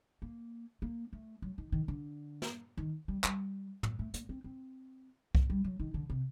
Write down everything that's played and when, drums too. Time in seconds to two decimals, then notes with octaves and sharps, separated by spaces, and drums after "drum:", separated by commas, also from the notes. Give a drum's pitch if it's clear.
0.22 A#3
0.82 A#3
1.13 A3
1.42 F#3
1.58 D#3
1.72 D#3
1.88 D3
2.42 drum: snare
2.77 D#3
3.08 G3
3.24 G3, drum: clap
3.83 A#3, drum: tom
3.99 A3
4.14 A#3, drum: hi-hat
4.29 C4
4.44 C4
5.35 A#3, drum: kick C2
5.50 G3
5.64 F#3
5.80 D#3
5.94 D3
6.10 C3